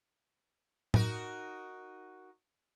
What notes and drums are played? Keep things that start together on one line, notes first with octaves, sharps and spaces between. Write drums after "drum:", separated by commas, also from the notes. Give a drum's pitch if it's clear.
D#4 F#4 A#4, drum: tom A2